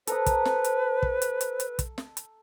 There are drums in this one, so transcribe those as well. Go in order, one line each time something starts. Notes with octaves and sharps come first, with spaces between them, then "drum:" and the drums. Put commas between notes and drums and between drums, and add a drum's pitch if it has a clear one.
A4 B4 C5 A#5 D#6, drum: hi-hat
drum: kick, hi-hat
drum: snare
drum: hi-hat
drum: kick
drum: hi-hat
drum: hi-hat
drum: hi-hat
drum: kick, hi-hat
drum: snare
drum: hi-hat